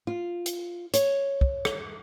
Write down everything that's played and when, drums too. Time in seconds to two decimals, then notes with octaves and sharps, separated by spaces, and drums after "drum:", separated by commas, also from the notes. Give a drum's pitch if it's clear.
0.07 F4
0.46 drum: hi-hat
0.94 C#5, drum: hi-hat
1.41 drum: kick
1.65 drum: rim click